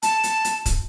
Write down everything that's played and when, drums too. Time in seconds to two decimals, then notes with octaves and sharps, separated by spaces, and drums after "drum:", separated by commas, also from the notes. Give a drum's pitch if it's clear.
0.02 A5, drum: hi-hat
0.24 drum: hi-hat
0.45 drum: hi-hat
0.66 drum: kick, hi-hat